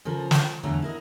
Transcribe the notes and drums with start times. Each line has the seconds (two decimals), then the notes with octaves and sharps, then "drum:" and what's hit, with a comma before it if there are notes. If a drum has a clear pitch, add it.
0.05 C#3 F3 A4 A#4
0.31 drum: snare
0.63 E2 D3 F#3 A3 A#5
0.82 E4 A#4 D#5